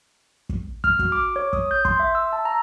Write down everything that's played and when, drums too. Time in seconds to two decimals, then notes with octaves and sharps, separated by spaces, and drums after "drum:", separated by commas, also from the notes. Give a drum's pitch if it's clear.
0.49 drum: kick
0.84 F6, drum: kick
0.99 F#4, drum: kick
1.12 D6
1.36 C#5
1.53 D#6, drum: kick
1.71 G6
1.85 C6, drum: kick
2.00 E5
2.15 E6
2.33 A5
2.45 A#5